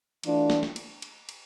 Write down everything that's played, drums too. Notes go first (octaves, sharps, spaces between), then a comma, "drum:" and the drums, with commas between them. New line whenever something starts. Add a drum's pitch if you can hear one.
E3 A3 D4 F4, drum: cymbal
drum: snare
drum: snare
drum: cymbal
drum: cymbal
drum: cymbal